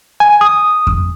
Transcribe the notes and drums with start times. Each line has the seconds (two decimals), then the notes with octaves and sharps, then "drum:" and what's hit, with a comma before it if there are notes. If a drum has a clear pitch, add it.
0.20 G#5
0.41 D#6
0.87 drum: kick F2